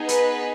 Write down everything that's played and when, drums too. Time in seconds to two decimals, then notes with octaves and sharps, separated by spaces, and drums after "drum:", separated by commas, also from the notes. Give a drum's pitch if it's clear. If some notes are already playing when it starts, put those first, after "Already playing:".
Already playing: B3 D#4 G#4
0.09 B4, drum: hi-hat